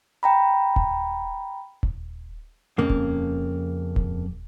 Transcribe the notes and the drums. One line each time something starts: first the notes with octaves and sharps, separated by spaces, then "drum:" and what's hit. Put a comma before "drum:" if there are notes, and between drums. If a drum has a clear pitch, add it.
G5 A#5 B5
drum: kick D#1
drum: kick D#1
F2 C#3 A#3
drum: kick D#1
drum: kick D#1